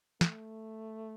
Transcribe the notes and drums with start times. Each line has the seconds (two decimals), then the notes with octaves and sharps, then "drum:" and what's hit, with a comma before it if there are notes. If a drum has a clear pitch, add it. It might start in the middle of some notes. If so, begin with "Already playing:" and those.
0.21 A3, drum: snare